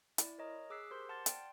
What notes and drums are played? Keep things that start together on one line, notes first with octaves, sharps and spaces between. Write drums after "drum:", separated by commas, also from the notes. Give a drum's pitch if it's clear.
E4 D5, drum: hi-hat
A#4 C#5 D#5 A#5
G#4 D6 E6 F#6 B6 C7
G4 A#4 C5 C6 D6 G6
F#5 A5 C6 F6 A6
D5 G5 C6, drum: hi-hat